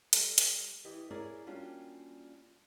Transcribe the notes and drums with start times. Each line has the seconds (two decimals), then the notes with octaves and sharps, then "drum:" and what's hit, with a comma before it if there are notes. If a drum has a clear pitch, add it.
0.13 G3 A4, drum: hi-hat
0.38 drum: hi-hat
0.84 E3 E4 G4 D#5
1.11 E4 G#4 A#4 C#5 D5
1.46 G3 A#3 C#4 D4 F4 F#4